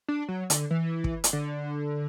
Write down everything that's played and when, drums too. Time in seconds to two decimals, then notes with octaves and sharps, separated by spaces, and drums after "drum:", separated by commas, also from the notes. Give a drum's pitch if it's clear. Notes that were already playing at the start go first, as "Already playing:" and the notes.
0.08 D4
0.28 F#3
0.50 D3, drum: hi-hat
0.71 E3
1.04 drum: kick
1.24 drum: hi-hat
1.33 D3